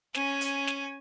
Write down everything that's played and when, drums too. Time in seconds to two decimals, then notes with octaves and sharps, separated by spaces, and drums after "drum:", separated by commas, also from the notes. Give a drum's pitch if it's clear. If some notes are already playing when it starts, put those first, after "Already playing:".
0.14 C#4 G#5, drum: snare
0.41 drum: hi-hat
0.67 drum: snare